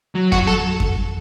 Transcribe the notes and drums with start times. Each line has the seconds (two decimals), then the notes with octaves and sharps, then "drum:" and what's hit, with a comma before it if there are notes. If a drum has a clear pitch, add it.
0.15 F#3
0.32 F#4, drum: kick F2
0.47 A4
0.80 drum: kick F2